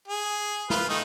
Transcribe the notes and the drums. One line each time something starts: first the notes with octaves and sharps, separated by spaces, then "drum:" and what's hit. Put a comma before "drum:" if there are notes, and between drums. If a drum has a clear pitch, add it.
G#4
F4 B4, drum: snare
D#3 A3 D#4